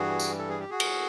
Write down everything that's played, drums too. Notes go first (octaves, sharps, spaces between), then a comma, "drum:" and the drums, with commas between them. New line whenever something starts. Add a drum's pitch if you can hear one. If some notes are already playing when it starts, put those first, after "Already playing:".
Already playing: G2 E3 G3 F#4 G#4
drum: tambourine
A4
G#4
G4
F#4 G#4
drum: cymbal